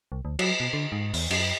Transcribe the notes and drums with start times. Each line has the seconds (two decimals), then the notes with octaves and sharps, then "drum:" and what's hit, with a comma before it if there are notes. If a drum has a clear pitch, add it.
0.12 C2
0.25 D2
0.39 F#3, drum: cymbal
0.60 B2
0.73 D3
0.92 G#2
1.14 E2, drum: open hi-hat
1.31 F#2, drum: cymbal